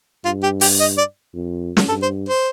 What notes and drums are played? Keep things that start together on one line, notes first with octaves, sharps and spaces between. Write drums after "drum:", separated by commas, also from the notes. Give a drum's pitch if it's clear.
G2 F4
G4
G4, drum: open hi-hat
D#5
D5
F2
drum: snare
G2 A4
C5
C5